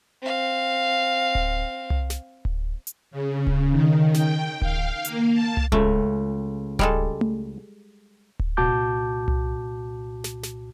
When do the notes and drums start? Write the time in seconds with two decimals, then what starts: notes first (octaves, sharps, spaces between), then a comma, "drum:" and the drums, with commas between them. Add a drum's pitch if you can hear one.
0.22 C4 F5
1.35 drum: kick D1
1.90 drum: tom C2
2.10 drum: snare
2.45 drum: kick D1
2.87 drum: hi-hat
3.11 C#3
3.47 drum: kick D1
3.71 D#3
4.14 G5, drum: snare
4.62 F5, drum: kick D1
5.05 A#3, drum: hi-hat
5.33 A5
5.57 drum: tom C2
5.72 C#2 C#3 A3, drum: kick D1
6.79 G3 G#3 A4, drum: kick D1
7.21 drum: tom A3
8.40 drum: kick D1
8.57 C2 A#2 F#4 A5 D6 G6
9.28 drum: tom C2
10.24 drum: snare
10.43 drum: snare